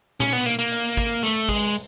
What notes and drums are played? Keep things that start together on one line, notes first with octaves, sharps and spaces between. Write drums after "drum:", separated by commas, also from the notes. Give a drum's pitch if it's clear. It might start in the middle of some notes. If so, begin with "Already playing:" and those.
C#4, drum: tom A#2
B3
A#3, drum: hi-hat
A#3
drum: hi-hat
drum: kick, hi-hat
A3, drum: hi-hat
G#3, drum: kick, open hi-hat